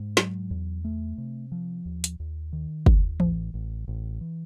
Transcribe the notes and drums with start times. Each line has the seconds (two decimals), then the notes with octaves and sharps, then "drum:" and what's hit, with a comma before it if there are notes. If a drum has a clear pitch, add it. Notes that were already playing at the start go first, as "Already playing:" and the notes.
Already playing: G#2
0.17 F#3, drum: snare
0.51 E2
0.84 A3
1.18 C3
1.52 F3
1.85 D#2
2.04 drum: hi-hat
2.20 D#2
2.53 D#3
2.86 D#2, drum: kick
3.20 A1, drum: tom E3
3.54 A1
3.88 A1
4.21 E3